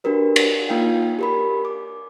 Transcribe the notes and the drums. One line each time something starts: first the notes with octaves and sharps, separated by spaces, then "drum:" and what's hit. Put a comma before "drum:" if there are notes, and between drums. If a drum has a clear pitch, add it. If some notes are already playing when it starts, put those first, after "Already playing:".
D4 F#4 G4 A#4 B4
drum: cymbal
A#3 D#4 F4 F5 G5
G4 A#4 B5
D6